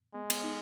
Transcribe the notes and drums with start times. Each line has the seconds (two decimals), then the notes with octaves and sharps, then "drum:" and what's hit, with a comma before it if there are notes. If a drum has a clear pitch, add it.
0.14 G#3 B3
0.30 B3, drum: cymbal
0.44 D#4